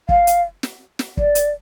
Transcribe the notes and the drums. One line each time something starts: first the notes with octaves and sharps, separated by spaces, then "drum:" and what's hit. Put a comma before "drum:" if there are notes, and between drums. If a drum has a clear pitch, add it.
F5, drum: kick
drum: hi-hat
drum: snare
drum: snare
D5, drum: kick
drum: hi-hat